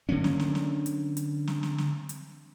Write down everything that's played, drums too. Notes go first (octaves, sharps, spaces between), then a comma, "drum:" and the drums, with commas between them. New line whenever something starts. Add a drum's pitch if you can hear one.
D3 F#3 A#3 C#4
drum: snare
drum: snare
drum: snare
drum: hi-hat
drum: hi-hat
drum: snare
drum: snare
drum: snare
drum: hi-hat